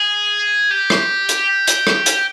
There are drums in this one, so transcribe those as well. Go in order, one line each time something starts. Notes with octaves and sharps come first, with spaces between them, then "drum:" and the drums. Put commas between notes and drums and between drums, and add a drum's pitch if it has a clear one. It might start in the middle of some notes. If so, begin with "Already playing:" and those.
Already playing: G#4
G4
drum: rim click
drum: hi-hat
drum: hi-hat
drum: rim click
drum: hi-hat